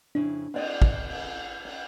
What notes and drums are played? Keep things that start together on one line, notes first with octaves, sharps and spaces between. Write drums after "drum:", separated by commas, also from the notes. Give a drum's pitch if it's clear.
F2 C#3 D4 E4
C4 D5 D#5, drum: cymbal
drum: kick
drum: cymbal
drum: cymbal